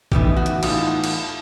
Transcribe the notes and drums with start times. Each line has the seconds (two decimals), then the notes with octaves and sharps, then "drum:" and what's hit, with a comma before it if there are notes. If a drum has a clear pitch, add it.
0.12 A2 E3 G3 B3 D#4 G4, drum: kick
0.36 F#4
0.46 drum: hi-hat
0.63 A2 E3 G3 B3 D#4 F4, drum: cymbal
1.04 drum: cymbal